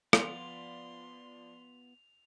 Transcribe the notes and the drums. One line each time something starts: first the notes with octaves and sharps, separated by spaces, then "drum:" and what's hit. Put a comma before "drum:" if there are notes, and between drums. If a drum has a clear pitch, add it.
F3 B3 F4 D5 C6 F7, drum: rim click